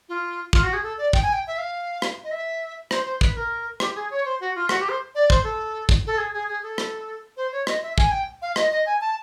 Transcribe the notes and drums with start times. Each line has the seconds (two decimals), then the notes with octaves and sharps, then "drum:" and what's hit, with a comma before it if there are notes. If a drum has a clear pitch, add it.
0.09 F4
0.53 F4, drum: kick
0.63 F#4
0.73 G#4
0.83 A4
0.98 D5
1.13 G5, drum: kick
1.22 G#5
1.33 G5
1.47 E5
1.58 F5
2.02 drum: rim click
2.24 D#5
2.31 E5
2.91 C5, drum: rim click
3.06 C5
3.21 B4, drum: kick
3.36 A#4
3.80 G4, drum: rim click
3.95 G#4
4.10 C#5
4.25 C5
4.40 F#4
4.56 F4
4.69 F#4, drum: rim click
4.80 G4
4.89 C5
5.15 D5
5.30 C5, drum: kick
5.44 A4
5.89 drum: kick
6.07 A4
6.18 G#4
6.34 G#4
6.48 G#4
6.63 A4
6.78 drum: rim click
7.37 C5
7.52 C#5
7.67 D#5, drum: rim click
7.83 E5
7.98 G#5, drum: kick
8.11 G5
8.42 F5
8.56 D#5, drum: rim click
8.71 D#5
8.86 G#5
9.01 A5